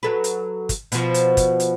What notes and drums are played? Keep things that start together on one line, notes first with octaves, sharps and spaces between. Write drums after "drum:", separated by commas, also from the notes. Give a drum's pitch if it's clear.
F#3 A4 B4
drum: hi-hat
drum: kick, hi-hat
B2 F3, drum: hi-hat
drum: hi-hat
drum: kick, hi-hat
drum: hi-hat